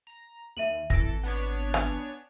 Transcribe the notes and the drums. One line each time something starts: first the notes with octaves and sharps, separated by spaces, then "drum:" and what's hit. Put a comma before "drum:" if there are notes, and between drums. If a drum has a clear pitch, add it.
A#5
D#2 E5 D#7 F#7
G#1 E3 A4 A#6 D7, drum: kick
B3 D4 C#5
G#5 F7, drum: rim click